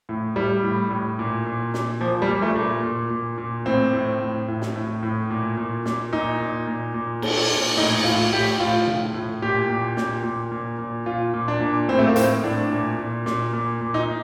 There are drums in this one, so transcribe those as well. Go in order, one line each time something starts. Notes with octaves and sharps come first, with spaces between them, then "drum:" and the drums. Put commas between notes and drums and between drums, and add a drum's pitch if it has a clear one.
A2
A2 G3
A2
A2
A#2
A#2
A#2, drum: snare
A#2 F3
G3
A#2
A3
A#2
A#2
A#2
A#2
A2 C4
A2
A2
A2
drum: snare
A2
A2
A#2
A#2
A#2, drum: snare
A#2 D#4
A#2
A#2
A#2
A#2, drum: cymbal
A#2
A2 D#4
A2 F4
A2 G4
A2 F4
A2, drum: tom A#2
A2
A#2 G4
A#2
A#2, drum: snare
A#2
A#2
A#2
A#2 F4
A#2
D4
A#2
A2 C4
A3
A#3
A2 C4, drum: hi-hat
A2 D4
A#2
A#2
A#2, drum: snare
A#2
A#2
D#4